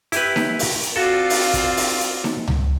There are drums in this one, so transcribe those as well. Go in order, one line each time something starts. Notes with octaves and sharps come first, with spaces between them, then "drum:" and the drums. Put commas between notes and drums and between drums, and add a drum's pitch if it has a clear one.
E4 G4 B4, drum: hi-hat
drum: snare D#4
drum: open hi-hat
drum: hi-hat
C4 F4 F#4 A4 D5 F5
drum: open hi-hat
drum: kick, hi-hat
drum: open hi-hat
drum: hi-hat
drum: snare D#4
drum: tom C#2